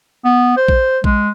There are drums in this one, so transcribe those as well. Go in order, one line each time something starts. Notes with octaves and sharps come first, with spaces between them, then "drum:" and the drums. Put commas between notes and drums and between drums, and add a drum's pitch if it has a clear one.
B3
C5
drum: kick A#1
G#3, drum: kick A#1